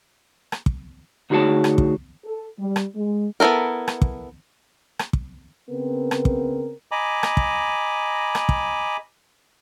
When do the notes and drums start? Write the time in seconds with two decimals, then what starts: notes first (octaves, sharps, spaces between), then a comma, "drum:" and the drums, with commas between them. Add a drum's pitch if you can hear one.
0.52 drum: rim click
0.66 drum: kick
1.30 D2 D#4 F#4 G#4 C#5 A5
1.64 drum: rim click
1.78 drum: kick
2.25 A4
2.60 G3
2.76 drum: rim click
2.95 G#3
3.40 B3 E4 F4 A4 A#4
3.88 drum: rim click
4.02 drum: kick
4.99 drum: rim click
5.13 drum: kick
5.69 C#3 B3 C4 A#4
6.11 drum: rim click
6.25 drum: kick
6.91 D#5 G#5 A#5 B5 D6
7.23 drum: rim click
7.37 drum: kick
8.35 drum: rim click
8.49 drum: kick